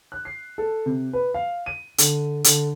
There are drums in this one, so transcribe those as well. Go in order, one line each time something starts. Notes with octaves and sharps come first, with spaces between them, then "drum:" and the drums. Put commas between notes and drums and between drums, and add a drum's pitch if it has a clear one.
F#6
C7
A4
C3
B4
F5
D#7
D3, drum: hi-hat
D3, drum: hi-hat